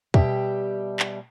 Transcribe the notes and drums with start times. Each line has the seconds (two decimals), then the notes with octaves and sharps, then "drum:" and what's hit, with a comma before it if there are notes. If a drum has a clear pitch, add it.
0.14 B2 G3 G4 E5, drum: kick
0.99 drum: clap